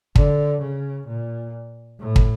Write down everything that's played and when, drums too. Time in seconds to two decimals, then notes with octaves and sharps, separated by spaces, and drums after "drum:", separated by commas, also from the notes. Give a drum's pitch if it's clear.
0.16 D3, drum: kick
0.62 C#3
1.08 A#2
2.00 A2
2.16 drum: kick